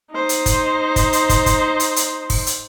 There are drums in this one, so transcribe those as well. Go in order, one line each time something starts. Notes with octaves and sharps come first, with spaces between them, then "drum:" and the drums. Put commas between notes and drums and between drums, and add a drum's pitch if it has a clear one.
D#4 C5
drum: hi-hat
drum: kick, hi-hat
drum: kick, hi-hat
drum: hi-hat
drum: kick, hi-hat
drum: kick, hi-hat
drum: hi-hat
drum: hi-hat
drum: kick, open hi-hat
drum: hi-hat